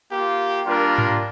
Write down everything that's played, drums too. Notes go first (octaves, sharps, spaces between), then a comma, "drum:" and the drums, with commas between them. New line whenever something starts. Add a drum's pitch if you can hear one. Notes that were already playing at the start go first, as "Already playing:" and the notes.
A#3 F4 G4
G3 A#3 D4 F4 A#4
drum: tom G#2